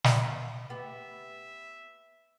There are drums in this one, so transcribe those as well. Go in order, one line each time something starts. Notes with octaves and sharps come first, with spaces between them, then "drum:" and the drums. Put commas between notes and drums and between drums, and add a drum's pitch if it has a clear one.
drum: snare
B3 G4 E5